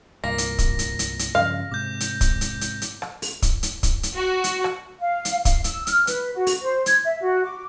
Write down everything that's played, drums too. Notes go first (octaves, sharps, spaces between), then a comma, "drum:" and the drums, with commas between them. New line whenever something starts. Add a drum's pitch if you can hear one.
C2 G2 A#2 A#3 A#6
drum: hi-hat
drum: kick, hi-hat
drum: hi-hat
drum: hi-hat
drum: hi-hat
G2 C#3 F3 F5
G#2 C3 D6 G6
drum: hi-hat
drum: kick, hi-hat
drum: hi-hat
drum: hi-hat
drum: hi-hat
drum: rim click
drum: open hi-hat
drum: kick, hi-hat
drum: hi-hat
drum: kick, hi-hat
drum: hi-hat
F#4
drum: hi-hat
drum: rim click
F5
drum: hi-hat
F5, drum: kick, hi-hat
E6, drum: hi-hat
F6, drum: hi-hat
B4, drum: hi-hat
F#4
drum: open hi-hat
C5
G#6, drum: hi-hat
E5
F#4
D6